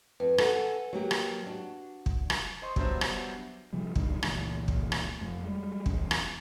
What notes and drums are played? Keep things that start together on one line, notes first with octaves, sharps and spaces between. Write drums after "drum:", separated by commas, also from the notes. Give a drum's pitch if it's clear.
F2 B4
A4 F#5 G#5, drum: rim click
F#3 A#3 G4
drum: rim click
D4 F#4
drum: kick
drum: rim click
C5 D#5 C6 C#6
F#3 G3 B3 D4 C5 E5, drum: kick
drum: rim click
C3 F3 G3
D2 G2 D3 D#3, drum: kick
C#2 A#2 E3 A3, drum: rim click
drum: kick
drum: rim click
F1 F2 A3
G3 G#3
E2 C#4, drum: kick
drum: rim click